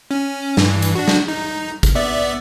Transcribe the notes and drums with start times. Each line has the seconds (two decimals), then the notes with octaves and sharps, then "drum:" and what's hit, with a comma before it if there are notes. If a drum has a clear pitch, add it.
0.11 C#4
0.57 G2 E3, drum: snare
0.82 drum: hi-hat
0.95 D4 F#4
1.08 drum: snare
1.28 D#4
1.83 drum: kick, hi-hat
1.95 B3 D5 E5